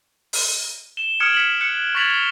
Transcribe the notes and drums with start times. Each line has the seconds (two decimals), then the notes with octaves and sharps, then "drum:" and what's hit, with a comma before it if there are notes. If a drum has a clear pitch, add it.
0.33 drum: open hi-hat
0.97 E7 G7
1.20 D#6 F6 G#6 C#7 D7 E7
1.33 B6 C#7 F#7
1.61 F#6 C#7
1.95 C#6 G#6 A6 B6 F7 F#7
2.10 B6 G7